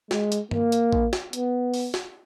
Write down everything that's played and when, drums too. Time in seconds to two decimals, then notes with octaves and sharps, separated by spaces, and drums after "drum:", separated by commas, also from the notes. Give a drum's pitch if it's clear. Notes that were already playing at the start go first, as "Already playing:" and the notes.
0.11 G#3, drum: snare
0.32 drum: hi-hat
0.51 A#3, drum: tom G2
0.72 drum: hi-hat
0.93 drum: kick
1.13 drum: snare
1.33 B3, drum: hi-hat
1.74 drum: open hi-hat
1.94 drum: snare